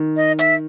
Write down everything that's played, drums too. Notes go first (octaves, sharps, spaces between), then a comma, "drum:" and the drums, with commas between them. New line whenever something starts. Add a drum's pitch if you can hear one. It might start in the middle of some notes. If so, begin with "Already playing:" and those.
Already playing: D#3
D#5
E5, drum: hi-hat